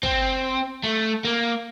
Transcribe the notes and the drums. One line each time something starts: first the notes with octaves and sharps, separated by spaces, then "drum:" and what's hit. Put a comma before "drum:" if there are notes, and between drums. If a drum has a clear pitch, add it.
C4, drum: kick
A3
A#3